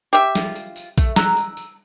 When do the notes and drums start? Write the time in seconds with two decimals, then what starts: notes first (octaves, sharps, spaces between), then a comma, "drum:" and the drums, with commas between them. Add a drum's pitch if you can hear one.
0.13 G4 E5
0.35 F4, drum: snare
0.56 drum: tambourine
0.76 drum: tambourine
0.98 A3, drum: kick A#1, tambourine
1.16 A#5 E6 F#6, drum: snare
1.37 drum: tambourine
1.57 drum: tambourine